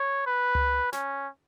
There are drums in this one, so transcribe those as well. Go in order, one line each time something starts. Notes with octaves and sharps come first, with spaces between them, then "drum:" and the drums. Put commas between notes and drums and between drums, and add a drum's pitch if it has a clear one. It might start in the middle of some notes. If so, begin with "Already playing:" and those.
Already playing: C#5
B4
drum: tom C#2
C#4, drum: snare